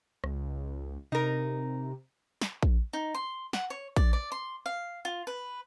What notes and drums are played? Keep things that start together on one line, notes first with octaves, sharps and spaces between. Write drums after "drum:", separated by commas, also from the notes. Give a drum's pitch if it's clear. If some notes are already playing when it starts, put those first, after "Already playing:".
C#2, drum: rim click
C3 D#4 A#4
drum: snare
drum: kick A#1
D#4
C6
F#5, drum: snare
C#5
D5, drum: kick A#1
D5
C6
F5
F4
B4